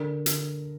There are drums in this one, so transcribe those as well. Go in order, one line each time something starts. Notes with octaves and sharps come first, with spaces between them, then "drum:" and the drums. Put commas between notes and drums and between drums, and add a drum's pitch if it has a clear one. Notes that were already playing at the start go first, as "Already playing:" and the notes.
Already playing: D3 A#4
D3, drum: hi-hat